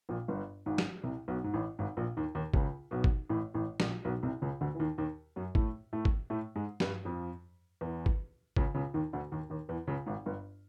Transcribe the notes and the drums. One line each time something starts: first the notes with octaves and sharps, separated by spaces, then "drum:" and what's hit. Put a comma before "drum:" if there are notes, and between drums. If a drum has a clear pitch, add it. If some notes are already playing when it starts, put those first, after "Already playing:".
A#1 A#2
G1 G2
G#1 G#2
drum: snare
C2 C3
B1 B2
G#2
A1 A2
G#1 G#2
A#1 A#2
D#2 D#3
D#2 D#3
C#2 C#3, drum: kick
B1 B2
drum: kick
A1 A2
A1 A2
A#1 A#2, drum: snare
B1 B2
C2 C3
C#2 C#3
D2 D3
E3
D#2 D#3
D#2 D#3
F#2 F#3
A2 A3, drum: kick
A2 A3
drum: kick
A2 A3
G#2 G#3
G2 G3, drum: snare
F2 F3
E2 E3
drum: kick
C#2 C#3, drum: kick
C#2 C#3
D#2 D#3
D2 D3
D#2 D#3
D#2 D#3
E2 E3
C#2 C#3
G#1 G#2
G1 G2